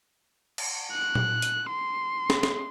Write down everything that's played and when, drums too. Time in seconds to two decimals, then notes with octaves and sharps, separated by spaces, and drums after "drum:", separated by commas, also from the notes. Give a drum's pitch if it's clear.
0.58 drum: cymbal
0.92 F#6
1.15 drum: tom A#2
1.42 drum: hi-hat
1.69 C6
2.30 drum: snare
2.43 drum: snare